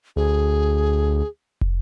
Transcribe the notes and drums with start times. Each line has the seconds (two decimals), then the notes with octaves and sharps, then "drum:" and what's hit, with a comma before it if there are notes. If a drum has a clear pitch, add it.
0.16 D2 G#4
1.61 drum: kick